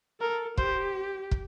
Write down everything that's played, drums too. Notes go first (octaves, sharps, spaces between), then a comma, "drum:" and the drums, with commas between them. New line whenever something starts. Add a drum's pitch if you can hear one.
A4 A#4
G4 C5, drum: kick
drum: kick